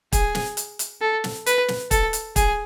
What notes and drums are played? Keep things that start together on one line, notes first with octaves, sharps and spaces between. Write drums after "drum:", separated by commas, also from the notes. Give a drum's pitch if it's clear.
G#4, drum: kick, hi-hat
drum: snare
drum: hi-hat
drum: hi-hat
A4
drum: snare
B4, drum: hi-hat
drum: snare
A4, drum: kick, hi-hat
drum: hi-hat
G#4, drum: kick, hi-hat